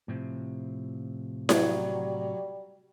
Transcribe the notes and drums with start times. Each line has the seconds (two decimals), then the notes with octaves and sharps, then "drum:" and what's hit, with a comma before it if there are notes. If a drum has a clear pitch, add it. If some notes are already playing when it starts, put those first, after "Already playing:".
0.08 A2 C3 F3
1.49 F#3 G3, drum: snare E4